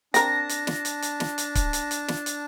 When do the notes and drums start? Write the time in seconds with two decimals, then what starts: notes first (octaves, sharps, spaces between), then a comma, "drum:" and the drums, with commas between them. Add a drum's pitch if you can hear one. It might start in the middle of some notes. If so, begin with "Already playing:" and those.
0.14 C4 D4 A#4 A5 A#6, drum: hi-hat
0.49 drum: hi-hat
0.67 drum: snare
0.85 drum: hi-hat
1.02 drum: hi-hat
1.20 drum: snare
1.38 drum: hi-hat
1.55 drum: kick C#1, hi-hat
1.73 drum: hi-hat
1.91 drum: hi-hat
2.08 drum: snare
2.26 drum: hi-hat